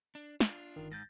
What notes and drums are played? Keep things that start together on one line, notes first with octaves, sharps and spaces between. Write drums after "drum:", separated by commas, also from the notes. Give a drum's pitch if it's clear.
D4
D4 F4, drum: snare
G1 D#3
G#2 G6 A6 A#6